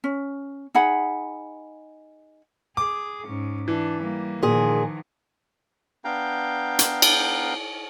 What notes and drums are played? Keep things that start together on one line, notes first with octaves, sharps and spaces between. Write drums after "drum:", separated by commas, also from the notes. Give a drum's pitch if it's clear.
C#4
D#4 G#4 F#5 B5
G#4 D6
G#2 C#4
E3 D4
G3 A#3
A#2 D#3 F3 G#4
B3 D4 F5 G5 A#5 G6
drum: hi-hat
drum: cymbal